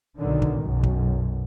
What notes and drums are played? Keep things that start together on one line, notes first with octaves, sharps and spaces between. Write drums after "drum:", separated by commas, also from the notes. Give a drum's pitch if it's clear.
B1 D3 D#3
drum: kick
B1 F#2
drum: kick